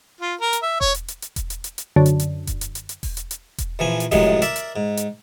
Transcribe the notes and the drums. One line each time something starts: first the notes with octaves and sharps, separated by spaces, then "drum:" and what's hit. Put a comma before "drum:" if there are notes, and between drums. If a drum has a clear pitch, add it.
F4
A#4
drum: hi-hat
E5
C#5, drum: kick E1
drum: hi-hat
drum: hi-hat
drum: hi-hat
drum: kick E1, hi-hat
drum: hi-hat
drum: hi-hat
drum: hi-hat
F#2 D3
drum: hi-hat
drum: hi-hat
drum: kick E1, hi-hat
drum: hi-hat
drum: hi-hat
drum: hi-hat
drum: kick E1, open hi-hat
drum: hi-hat
drum: hi-hat
drum: kick E1, hi-hat
A#1 E3 F3 G#5
drum: hi-hat
F#2 A2 C3 D#3 F3 G#3, drum: kick E1, open hi-hat
A#4 D5 E5, drum: hi-hat
drum: hi-hat
G#2
drum: hi-hat